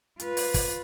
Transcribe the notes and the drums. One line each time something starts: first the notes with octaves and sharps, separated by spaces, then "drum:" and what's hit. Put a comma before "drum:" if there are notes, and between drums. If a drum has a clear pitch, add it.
F4 B4, drum: hi-hat
drum: open hi-hat
drum: kick, open hi-hat